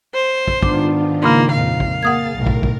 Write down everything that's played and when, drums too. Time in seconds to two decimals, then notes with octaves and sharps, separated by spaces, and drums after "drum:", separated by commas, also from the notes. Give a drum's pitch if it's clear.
0.14 C5
0.48 drum: kick
0.63 G#2 D#3 B3 D4 F4 D6, drum: kick
1.23 C#3 A#3 B5 C6
1.52 F2 A#2 F5
1.80 drum: kick
2.03 A#3 G#4 F#5 D#6 G#6 A6
2.35 B1 A2 A#4
2.47 drum: kick
2.63 drum: kick